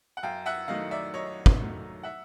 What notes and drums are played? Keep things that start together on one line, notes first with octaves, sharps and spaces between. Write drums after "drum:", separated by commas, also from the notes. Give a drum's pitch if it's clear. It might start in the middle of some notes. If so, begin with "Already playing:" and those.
F#5
F#2 F5 G5
E5 F#5
D#3 F#3 A3 D#5 F5
D5 E5
F#2 C#5 D#5
drum: kick
D#3 F#3 A3
E5 F#5